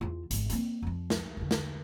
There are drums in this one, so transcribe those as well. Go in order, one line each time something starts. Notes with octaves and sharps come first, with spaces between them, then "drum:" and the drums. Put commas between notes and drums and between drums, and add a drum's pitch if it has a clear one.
E2 F4
G#1 G#2, drum: hi-hat
A#3 C4, drum: hi-hat
F2 F3
drum: snare
E2 D3
drum: snare